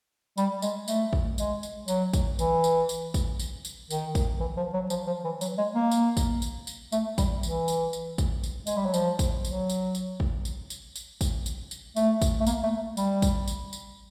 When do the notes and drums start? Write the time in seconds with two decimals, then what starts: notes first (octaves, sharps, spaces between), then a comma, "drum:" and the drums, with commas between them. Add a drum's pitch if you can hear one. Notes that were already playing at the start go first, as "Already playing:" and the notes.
0.38 G3, drum: tambourine
0.62 G#3, drum: tambourine
0.88 A3, drum: tambourine
1.13 drum: kick
1.38 G#3, drum: tambourine
1.63 drum: tambourine
1.88 F#3, drum: tambourine
2.13 drum: kick, tambourine
2.39 E3, drum: tambourine
2.64 drum: tambourine
2.89 drum: tambourine
3.14 drum: kick, tambourine
3.39 drum: tambourine
3.65 drum: tambourine
3.90 D#3, drum: tambourine
4.15 drum: kick, tambourine
4.40 E3
4.57 F3
4.74 F#3
4.90 F3, drum: tambourine
5.07 F3
5.24 E3
5.41 F#3, drum: tambourine
5.58 G#3
5.74 A#3
5.92 drum: tambourine
6.17 drum: kick, tambourine
6.42 drum: tambourine
6.67 drum: tambourine
6.92 A3, drum: tambourine
7.18 G3, drum: kick, tambourine
7.43 E3, drum: tambourine
7.68 drum: tambourine
7.93 drum: tambourine
8.18 drum: kick, tambourine
8.44 drum: tambourine
8.67 G#3, drum: tambourine
8.77 G3
8.86 F#3
8.94 F3, drum: tambourine
9.19 drum: kick, tambourine
9.45 F#3, drum: tambourine
9.70 drum: tambourine
9.95 drum: tambourine
10.20 drum: kick
10.45 drum: tambourine
10.70 drum: tambourine
10.96 drum: tambourine
11.21 drum: kick, tambourine
11.46 drum: tambourine
11.71 drum: tambourine
11.96 A3, drum: tambourine
12.22 drum: kick, tambourine
12.40 A3
12.47 A#3, drum: tambourine
12.63 A3
12.97 G3, drum: tambourine
13.22 drum: kick, tambourine
13.48 drum: tambourine
13.73 drum: tambourine